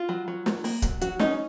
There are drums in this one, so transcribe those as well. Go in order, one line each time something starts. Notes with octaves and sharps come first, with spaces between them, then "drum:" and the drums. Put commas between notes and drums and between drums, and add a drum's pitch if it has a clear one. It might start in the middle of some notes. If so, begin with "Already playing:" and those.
Already playing: F4
F#3
F#3
F#3, drum: snare
A#3, drum: open hi-hat
F#3, drum: kick D1, hi-hat
F#3 F#4, drum: hi-hat
C#4 D#4, drum: snare